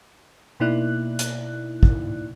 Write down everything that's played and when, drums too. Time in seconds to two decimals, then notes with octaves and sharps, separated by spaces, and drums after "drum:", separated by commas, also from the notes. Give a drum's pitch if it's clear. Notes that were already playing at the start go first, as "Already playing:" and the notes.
0.60 B2 A#3 D#4 E4 D5 F#6
1.19 drum: hi-hat
1.83 drum: kick